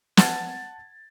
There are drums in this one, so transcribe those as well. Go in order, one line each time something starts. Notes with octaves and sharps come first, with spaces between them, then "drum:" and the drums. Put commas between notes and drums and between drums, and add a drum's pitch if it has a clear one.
F#5 A5 G#6 A6, drum: snare